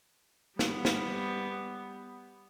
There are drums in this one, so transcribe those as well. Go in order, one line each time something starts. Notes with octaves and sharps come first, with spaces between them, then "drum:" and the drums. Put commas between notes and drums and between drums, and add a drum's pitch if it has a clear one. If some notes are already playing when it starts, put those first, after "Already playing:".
G3 B3, drum: snare
drum: snare